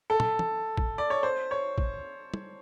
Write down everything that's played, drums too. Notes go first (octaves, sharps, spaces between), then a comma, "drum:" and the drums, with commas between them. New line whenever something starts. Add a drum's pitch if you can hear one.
A4
drum: tom
drum: tom
drum: kick
D5
C#5
C5
C#5
drum: kick
drum: tom